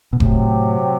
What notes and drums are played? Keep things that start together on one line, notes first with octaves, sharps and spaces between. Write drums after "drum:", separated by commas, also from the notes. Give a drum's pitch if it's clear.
B2
A2 C3 F#3 C4 G4, drum: kick F#1